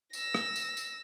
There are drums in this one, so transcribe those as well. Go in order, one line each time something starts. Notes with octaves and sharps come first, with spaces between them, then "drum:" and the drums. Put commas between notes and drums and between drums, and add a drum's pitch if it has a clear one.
E6 A#6, drum: tambourine
drum: rim click
drum: tambourine
drum: tambourine